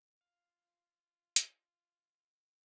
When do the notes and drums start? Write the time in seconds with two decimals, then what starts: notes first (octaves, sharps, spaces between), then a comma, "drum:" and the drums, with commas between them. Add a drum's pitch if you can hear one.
0.21 F4 F5
1.36 drum: hi-hat